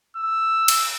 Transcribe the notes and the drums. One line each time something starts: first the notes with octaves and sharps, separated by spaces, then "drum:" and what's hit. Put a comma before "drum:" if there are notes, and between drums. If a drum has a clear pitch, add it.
E6
drum: cymbal